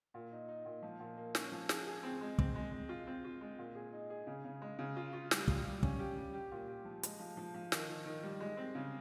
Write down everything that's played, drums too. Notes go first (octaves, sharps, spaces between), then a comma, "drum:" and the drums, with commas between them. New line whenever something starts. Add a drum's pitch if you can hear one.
A#2
D#4
D#4
A#2
F3
A#2
A#3
C#4, drum: snare
F3
G#4, drum: snare
G#4
C4
G#3
C4, drum: kick
G#3
G#3
F4
C4
F4
G#3
A#2
G#4
D#4
G#4
C#3
C#3
G#3
C#3
F4
F4
G3, drum: snare
F4, drum: kick
G3
C#4, drum: kick
G4
G3
G4
A#2
G4
F3
G#3, drum: hi-hat
F3
F3
F3
D#3, drum: snare
D#3
D#3
G3
G#3
C4
C#3